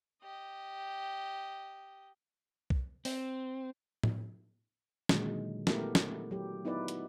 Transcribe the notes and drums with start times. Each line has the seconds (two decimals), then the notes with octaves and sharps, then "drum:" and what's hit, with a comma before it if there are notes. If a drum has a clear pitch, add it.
0.23 G4 D#5
2.70 drum: kick C2
3.05 C4, drum: open hi-hat
4.03 drum: tom A2
5.09 A#2 D3 D#3 F#3 G#3, drum: snare
5.67 A3 B3 E4 G4 A#4, drum: snare
5.95 drum: snare
6.31 F#3 G4
6.65 B3 D#4 E4 B4 D5
6.88 drum: hi-hat